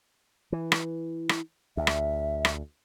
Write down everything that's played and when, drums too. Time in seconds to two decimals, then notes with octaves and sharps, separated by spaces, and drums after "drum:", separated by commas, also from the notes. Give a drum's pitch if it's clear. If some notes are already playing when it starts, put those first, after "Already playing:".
0.52 E3
0.72 drum: rim click
1.29 drum: rim click
1.77 D2 E5
1.87 drum: rim click
2.45 drum: rim click